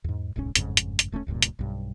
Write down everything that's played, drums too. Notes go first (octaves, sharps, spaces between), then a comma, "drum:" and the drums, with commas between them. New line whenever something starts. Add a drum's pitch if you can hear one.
E2 G#2
D1 B1 G#2 C#4
G1 F2 G#2 C#3, drum: hi-hat
drum: hi-hat
drum: hi-hat
D#1 A3 C4 C#4
D1 C#2 G2 A#2
drum: hi-hat
B1 G2